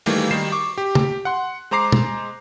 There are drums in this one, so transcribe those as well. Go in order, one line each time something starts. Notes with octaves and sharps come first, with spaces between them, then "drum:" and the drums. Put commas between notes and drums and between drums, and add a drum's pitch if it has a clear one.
D#3 E3 G3 A3 A#3, drum: open hi-hat
D#3 G3 D#4 C7 E7
C#6 D6
G4
drum: tom
F#5 C6 F#6
G#3 C5 A#5 D6 C7
drum: tom